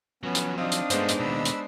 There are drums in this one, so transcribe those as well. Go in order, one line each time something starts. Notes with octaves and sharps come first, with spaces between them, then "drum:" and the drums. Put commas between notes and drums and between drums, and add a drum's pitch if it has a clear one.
F3 F#3 B3 C#4
drum: hi-hat
C4 D4 D#4 F5 D#6
drum: hi-hat
G2 G#3 A3 B3 C5, drum: hi-hat
drum: hi-hat
D#2 B2 B5 E6
drum: hi-hat